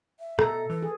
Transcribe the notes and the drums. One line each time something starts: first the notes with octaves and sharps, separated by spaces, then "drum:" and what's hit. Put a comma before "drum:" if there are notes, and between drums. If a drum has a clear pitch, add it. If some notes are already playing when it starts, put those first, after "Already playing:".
E5
B2 A4 A#5, drum: rim click
E3 B4
G#4